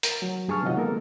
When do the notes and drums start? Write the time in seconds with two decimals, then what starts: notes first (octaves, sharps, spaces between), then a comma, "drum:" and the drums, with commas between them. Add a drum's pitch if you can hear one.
0.03 A#4, drum: hi-hat
0.22 F#3
0.48 G2 G#4 A5 C#6 F6
0.63 C3 D#3 F#3 F4 D#5 F#5
0.77 G#3 A#3 B3 A4 A#4